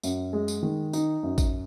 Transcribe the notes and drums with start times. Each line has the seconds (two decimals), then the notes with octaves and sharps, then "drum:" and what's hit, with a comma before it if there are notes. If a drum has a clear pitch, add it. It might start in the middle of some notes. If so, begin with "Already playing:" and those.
0.03 F#2, drum: tambourine
0.33 G#3
0.48 drum: tambourine
0.62 D#3
0.93 D#4, drum: tambourine
1.23 F#2
1.38 drum: kick A1, tambourine